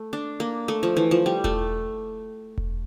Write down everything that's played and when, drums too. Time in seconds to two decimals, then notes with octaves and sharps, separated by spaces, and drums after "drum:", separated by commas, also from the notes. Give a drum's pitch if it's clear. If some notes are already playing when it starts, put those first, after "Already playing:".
Already playing: A3
0.13 D4
0.40 A#3
0.68 A3
0.83 F3
0.97 E3
1.11 F3
1.26 G3
1.44 A3, drum: kick E1
2.58 drum: kick E1